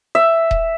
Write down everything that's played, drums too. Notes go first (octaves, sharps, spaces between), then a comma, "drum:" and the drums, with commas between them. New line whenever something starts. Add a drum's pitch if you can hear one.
E5
drum: kick D#1